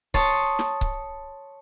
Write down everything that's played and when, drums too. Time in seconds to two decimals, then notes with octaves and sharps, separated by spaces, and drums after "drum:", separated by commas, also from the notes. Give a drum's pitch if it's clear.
0.14 C#5 A5 C6 D#6 A6, drum: kick C#1
0.59 drum: snare
0.81 drum: kick C#1